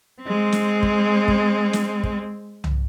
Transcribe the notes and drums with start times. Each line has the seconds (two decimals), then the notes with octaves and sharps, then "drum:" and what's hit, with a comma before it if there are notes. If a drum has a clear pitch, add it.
0.22 G#3 C4
0.52 drum: snare
0.83 drum: kick
1.28 drum: kick
1.73 drum: snare
2.03 drum: kick
2.64 drum: tom C2